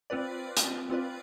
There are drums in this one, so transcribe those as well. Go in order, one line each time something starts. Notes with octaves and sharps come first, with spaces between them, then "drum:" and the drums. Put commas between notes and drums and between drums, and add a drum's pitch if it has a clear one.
C4 F4 B4 D5
drum: hi-hat
C4 F4 B4 D5